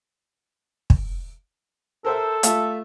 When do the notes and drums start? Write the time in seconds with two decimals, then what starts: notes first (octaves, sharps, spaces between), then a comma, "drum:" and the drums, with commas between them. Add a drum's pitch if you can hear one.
0.90 drum: kick
2.05 A4 A#4 C5 E5
2.43 A3 F4 E5, drum: hi-hat